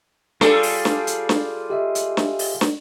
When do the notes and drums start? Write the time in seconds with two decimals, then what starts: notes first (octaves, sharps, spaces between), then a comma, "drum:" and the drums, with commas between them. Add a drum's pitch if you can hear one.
0.41 G3 F4 G#4 A4 D5, drum: snare
0.63 drum: open hi-hat
0.85 drum: snare
1.07 drum: hi-hat
1.29 drum: snare
1.70 G4 D#5 E5
1.95 drum: hi-hat
2.17 drum: snare
2.39 drum: open hi-hat
2.61 drum: snare